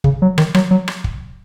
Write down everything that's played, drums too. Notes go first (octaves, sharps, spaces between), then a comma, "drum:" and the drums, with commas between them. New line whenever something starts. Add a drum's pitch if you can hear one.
C#3, drum: kick
F#3
D#3, drum: rim click
F#3, drum: rim click
F#3
drum: rim click
drum: kick